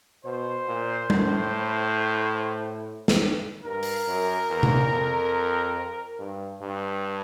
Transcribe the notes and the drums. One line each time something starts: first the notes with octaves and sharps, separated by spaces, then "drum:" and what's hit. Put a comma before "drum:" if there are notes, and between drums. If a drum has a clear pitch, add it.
B2 C5
A#2
A2, drum: tom G3
drum: snare
G2 A#4
drum: open hi-hat
F#2
E2
drum: tom C3
F2
G2
G2